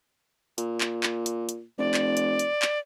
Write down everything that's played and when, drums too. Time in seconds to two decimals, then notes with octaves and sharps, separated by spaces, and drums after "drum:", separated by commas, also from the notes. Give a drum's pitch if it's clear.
0.58 A#2, drum: hi-hat
0.81 drum: clap
1.03 drum: clap
1.26 drum: hi-hat
1.49 drum: hi-hat
1.78 F1 D5
1.94 drum: clap
2.17 drum: hi-hat
2.39 drum: hi-hat
2.62 drum: clap